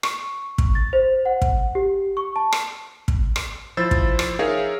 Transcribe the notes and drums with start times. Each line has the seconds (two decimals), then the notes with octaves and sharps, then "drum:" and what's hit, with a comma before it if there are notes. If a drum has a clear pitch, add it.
0.03 C#6, drum: rim click
0.58 drum: kick
0.75 A6
0.93 C5
1.26 F#5
1.42 drum: kick
1.75 G4
2.17 C#6
2.36 A5
2.52 drum: rim click
3.08 drum: kick
3.36 drum: rim click
3.77 F3 E4 C5 E6 A6
3.91 drum: kick
4.19 drum: rim click
4.39 D#4 G#4 A#4 C#5 E5 F5